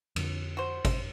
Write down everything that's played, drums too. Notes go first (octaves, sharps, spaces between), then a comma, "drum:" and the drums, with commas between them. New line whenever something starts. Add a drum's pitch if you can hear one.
F2 D3 F3, drum: cymbal
F#4 C5
drum: kick G#1, cymbal